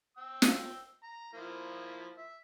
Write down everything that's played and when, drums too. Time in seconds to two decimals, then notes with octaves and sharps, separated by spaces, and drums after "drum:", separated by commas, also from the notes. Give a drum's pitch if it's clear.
0.17 G5 E6
0.42 drum: snare
1.03 A#5
1.33 F3 A#3 E4
2.17 E5